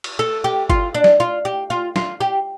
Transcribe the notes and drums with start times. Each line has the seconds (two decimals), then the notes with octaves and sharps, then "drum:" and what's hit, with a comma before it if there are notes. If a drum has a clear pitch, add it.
0.04 drum: cymbal
0.19 A4
0.44 G4
0.70 F4, drum: kick G1
0.94 D4
1.04 drum: snare
1.20 F4
1.45 G4
1.70 F4
1.96 F4, drum: snare
2.21 G4